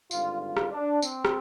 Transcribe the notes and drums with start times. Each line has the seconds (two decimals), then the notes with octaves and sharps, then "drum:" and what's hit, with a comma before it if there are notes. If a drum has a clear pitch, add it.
0.11 G#1 G2 D3 F4, drum: tambourine
0.42 F4
0.57 drum: rim click
0.72 D4
1.02 C4, drum: tambourine
1.25 drum: rim click